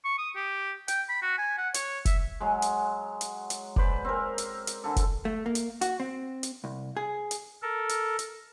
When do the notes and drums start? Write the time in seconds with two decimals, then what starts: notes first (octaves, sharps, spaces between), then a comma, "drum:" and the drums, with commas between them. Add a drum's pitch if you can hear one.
0.04 C#6
0.18 D#6
0.36 G4
0.88 G5, drum: hi-hat
1.09 B5
1.22 F#4
1.38 G#5
1.58 F#5
1.74 C#5, drum: hi-hat
2.05 E5, drum: kick F1, hi-hat
2.40 F#3 G#3
2.62 drum: hi-hat
3.21 drum: hi-hat
3.50 drum: hi-hat
3.76 B4 C5 D5, drum: kick F1
4.05 C4 A#4
4.38 drum: hi-hat
4.67 drum: hi-hat
4.84 D3 A4
4.96 drum: kick F1, hi-hat
5.25 A3
5.46 A#3
5.55 drum: hi-hat
5.81 F#4, drum: hi-hat
6.00 C4
6.43 drum: hi-hat
6.64 C2
6.97 G#4
7.31 drum: hi-hat
7.62 A4 A#4
7.89 drum: hi-hat
8.19 drum: hi-hat